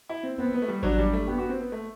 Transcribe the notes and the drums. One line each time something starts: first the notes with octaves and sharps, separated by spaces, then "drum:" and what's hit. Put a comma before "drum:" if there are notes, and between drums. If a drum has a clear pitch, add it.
E4
C4
B3 C4
B3
A3
G3
F#3 D4, drum: kick G#1
G3
A3
B3 G4
F#4
C4
B3
A3